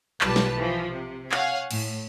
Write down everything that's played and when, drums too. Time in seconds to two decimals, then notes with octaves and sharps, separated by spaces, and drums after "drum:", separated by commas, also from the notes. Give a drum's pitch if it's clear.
0.21 B1 G3 F4 G4 B4 A5, drum: clap
0.36 drum: snare
0.55 E3 F3
0.89 C3
1.32 C#5 F5 F#5 G#5, drum: clap
1.71 A2, drum: cymbal